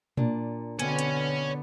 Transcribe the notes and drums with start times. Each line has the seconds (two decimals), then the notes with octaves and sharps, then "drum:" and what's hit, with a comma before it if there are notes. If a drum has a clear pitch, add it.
0.17 A#2 D4, drum: tom A#2
0.79 B2 D3 B3 C4 C#5 G#5, drum: hi-hat
0.99 drum: hi-hat